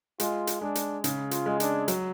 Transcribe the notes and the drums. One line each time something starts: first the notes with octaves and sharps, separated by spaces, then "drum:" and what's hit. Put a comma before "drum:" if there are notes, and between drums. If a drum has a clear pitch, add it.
G#3 F4, drum: hi-hat
drum: hi-hat
G#3 D4
drum: hi-hat
C#3, drum: hi-hat
F4, drum: hi-hat
G#3
D4, drum: hi-hat
F#3, drum: hi-hat